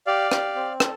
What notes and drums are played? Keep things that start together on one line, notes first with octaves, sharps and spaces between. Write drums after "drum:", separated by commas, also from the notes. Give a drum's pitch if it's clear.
G4 D5 F5
G4, drum: rim click
C4
A4, drum: rim click